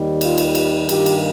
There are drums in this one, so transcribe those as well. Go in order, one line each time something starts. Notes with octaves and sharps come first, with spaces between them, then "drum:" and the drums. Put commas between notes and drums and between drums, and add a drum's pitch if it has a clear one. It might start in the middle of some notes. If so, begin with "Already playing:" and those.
Already playing: D#2 D#3 G3
F4, drum: cymbal
drum: cymbal
drum: cymbal
G2 D#3 A#3 G4, drum: cymbal
drum: cymbal